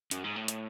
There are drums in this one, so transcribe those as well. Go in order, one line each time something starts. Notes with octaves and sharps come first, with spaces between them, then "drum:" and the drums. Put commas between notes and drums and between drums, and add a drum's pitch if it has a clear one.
F#2, drum: hi-hat
G#2
A2
drum: hi-hat